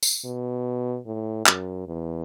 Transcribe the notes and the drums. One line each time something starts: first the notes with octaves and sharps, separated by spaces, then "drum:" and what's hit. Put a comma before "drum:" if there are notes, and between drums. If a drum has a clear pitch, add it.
drum: tambourine
B2
A2
F#2, drum: clap
E2